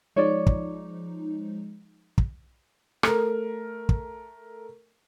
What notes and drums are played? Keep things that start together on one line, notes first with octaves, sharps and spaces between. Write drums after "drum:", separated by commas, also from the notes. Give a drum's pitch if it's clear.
F3 G#3 D#4 C#5 D5
drum: kick
drum: kick
A3 A#4, drum: rim click
drum: kick